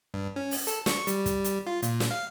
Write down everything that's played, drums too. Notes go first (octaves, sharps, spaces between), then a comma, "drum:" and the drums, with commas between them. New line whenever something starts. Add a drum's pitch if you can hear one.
G2
C#4
drum: open hi-hat
A4, drum: hi-hat
C#6, drum: snare
G3, drum: hi-hat
drum: kick, hi-hat
drum: hi-hat
F4
A#2, drum: hi-hat
drum: snare
F5